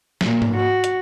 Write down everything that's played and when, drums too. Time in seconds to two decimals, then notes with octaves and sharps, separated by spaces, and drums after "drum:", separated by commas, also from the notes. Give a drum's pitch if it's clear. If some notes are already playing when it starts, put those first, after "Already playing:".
0.21 A#2, drum: snare
0.42 drum: tom G#2
0.55 F#4
0.84 drum: hi-hat